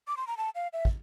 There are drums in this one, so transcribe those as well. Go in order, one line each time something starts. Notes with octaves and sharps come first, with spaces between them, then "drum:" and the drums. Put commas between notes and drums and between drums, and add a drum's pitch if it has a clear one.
D6
C6
A#5
A5
F5
E5
drum: kick